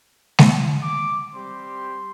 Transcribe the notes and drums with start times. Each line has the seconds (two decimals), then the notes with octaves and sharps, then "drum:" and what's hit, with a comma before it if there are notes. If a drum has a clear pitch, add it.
0.39 drum: snare G#3
0.82 D6
1.32 G3 C4 G4 C6